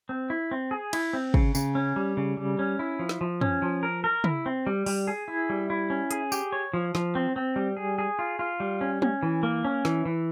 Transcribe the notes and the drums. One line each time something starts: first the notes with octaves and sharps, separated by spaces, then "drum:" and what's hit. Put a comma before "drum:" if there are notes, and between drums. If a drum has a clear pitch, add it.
C4
E4
C4
G#4
E4, drum: cymbal
C4
C#3, drum: kick
C#3, drum: tambourine
C#4
G3
C#3
G3
C#4
E4
F3
drum: snare
F3
C#4, drum: tom
F3
A#4
A#4
E4, drum: tom
C4
G3
G3, drum: open hi-hat
G#4
E4
G3
E4
C#4
G#4, drum: hi-hat
G4, drum: tambourine
C#5
F3
F3, drum: snare
C4
C4
G3
G#4
G#4
F4
F4
G3
C#4
C#4, drum: tom
E3
A#3
C#4
E3, drum: snare
E3